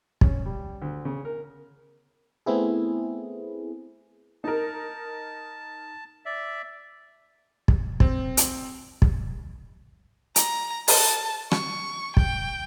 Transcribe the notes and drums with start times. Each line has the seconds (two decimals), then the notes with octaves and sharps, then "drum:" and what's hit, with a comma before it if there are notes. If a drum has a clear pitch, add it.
0.21 C#4, drum: kick
0.46 G3
0.82 D2
1.05 C#3
1.25 A#4
2.46 A3 B3 C4 E4 G#4
4.44 D#4 A#4 A5
6.26 D5 E5
7.68 drum: kick
8.00 C4, drum: kick
8.37 drum: hi-hat
9.02 drum: kick
10.36 A#5, drum: hi-hat
10.88 A5, drum: open hi-hat
11.51 C#6, drum: rim click
12.17 G5, drum: kick